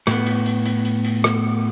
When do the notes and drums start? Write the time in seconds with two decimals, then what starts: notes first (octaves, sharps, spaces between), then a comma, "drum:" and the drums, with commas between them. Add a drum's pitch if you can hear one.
0.07 A2 B3, drum: rim click
0.26 drum: hi-hat
0.46 drum: hi-hat
0.66 drum: hi-hat
0.85 drum: hi-hat
1.05 drum: hi-hat
1.24 drum: rim click